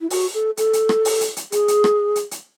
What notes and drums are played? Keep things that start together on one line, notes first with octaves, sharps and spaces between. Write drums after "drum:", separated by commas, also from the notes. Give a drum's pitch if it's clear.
E4
F#4, drum: open hi-hat
A4
A4, drum: hi-hat
drum: hi-hat
drum: rim click
drum: open hi-hat
drum: hi-hat
drum: hi-hat
G#4, drum: hi-hat
drum: hi-hat
drum: rim click
drum: hi-hat
drum: hi-hat